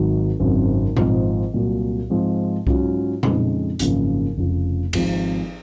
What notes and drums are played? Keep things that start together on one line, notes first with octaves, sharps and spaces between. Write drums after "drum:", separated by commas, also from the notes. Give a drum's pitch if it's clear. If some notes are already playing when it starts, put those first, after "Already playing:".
Already playing: G#1 G#2 D#3 F#3
G#1 F#2 C#3 F#3 C4
G#1 G#2 F3 C4 F4, drum: tom A#2
C2 A#2 F#3
G#2 F3 G#3 C4
G#2 F#3 C#4 F4, drum: kick C2
F2 C#3 G#3 C4 D#4, drum: tom A#2
G#1 F#2 C#3 F3 A#3, drum: hi-hat
F1 F2 C#3 F3
G#1 G#2 F3 C4, drum: cymbal